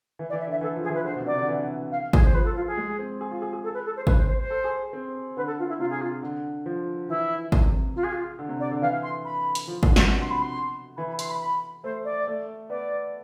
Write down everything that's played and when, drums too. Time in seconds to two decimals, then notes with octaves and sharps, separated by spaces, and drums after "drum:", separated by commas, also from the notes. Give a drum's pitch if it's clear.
0.19 E3
0.30 D5
0.33 E3
0.40 E5
0.47 D3
0.51 E5
0.61 E3 A4
0.76 F3
0.84 G#4
0.90 E3
0.95 B4
1.05 D3 C5
1.16 B2
1.26 C3 D5
1.37 D3
1.48 E3
1.91 F5
2.13 G#4, drum: kick G#1
2.24 C5
2.34 F3 B4
2.45 A4
2.56 F4
2.67 G#4
2.77 G#3
2.99 C4
3.21 G#4
3.31 F4
3.42 G#4
3.53 G#4
3.64 A4
3.74 B4
3.85 A4
3.96 C5
4.07 B4, drum: kick G#1
4.18 C5
4.28 C5
4.40 C5
4.50 A4
4.64 G#4
4.93 C4
5.37 D3 B4
5.47 A4
5.59 F4
5.69 E4
5.79 C3 F4
5.90 G#4
6.01 F4
6.23 D3
6.66 F3
7.09 E3 E4
7.52 C3, drum: kick G#1
7.96 F4
8.04 G#4
8.13 F4
8.39 D3
8.49 C3
8.60 D5
8.71 D3
8.82 E3 F5
9.03 C6
9.25 B5
9.55 drum: hi-hat
9.68 F3
9.83 D3, drum: kick G#1
9.96 B2, drum: snare
10.11 C3
10.21 C6
10.30 B5
10.41 C6
10.97 E3 B5
11.08 B5
11.19 C6, drum: hi-hat
11.29 B5
11.40 B5
11.84 A3 C5
12.05 D5
12.27 A3
12.70 B3 D5